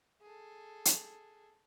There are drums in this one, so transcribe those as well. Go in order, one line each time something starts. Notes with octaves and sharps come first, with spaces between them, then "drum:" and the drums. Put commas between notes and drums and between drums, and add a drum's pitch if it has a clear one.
G#4 A4
drum: hi-hat